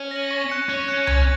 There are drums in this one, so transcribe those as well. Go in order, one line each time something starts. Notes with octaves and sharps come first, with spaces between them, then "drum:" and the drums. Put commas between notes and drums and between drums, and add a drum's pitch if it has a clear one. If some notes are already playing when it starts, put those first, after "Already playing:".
Already playing: C#4
A#6 F#7
C#6
F#6 C#7
C#4 C#6
F#6 C#7
G#6, drum: tom C2